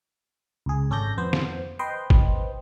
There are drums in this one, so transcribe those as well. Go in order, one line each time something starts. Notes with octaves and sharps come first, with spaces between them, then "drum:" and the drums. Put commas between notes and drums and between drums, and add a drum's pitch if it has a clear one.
C#2 G#4
G#1 C#4 A4 D5 G6 A#6
F2 B3 C5
drum: snare
B4 C5 D#5 G5 C6
drum: kick